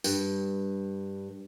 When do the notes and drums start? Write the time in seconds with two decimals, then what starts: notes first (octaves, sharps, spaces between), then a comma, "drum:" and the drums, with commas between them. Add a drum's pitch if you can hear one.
0.04 G2, drum: tambourine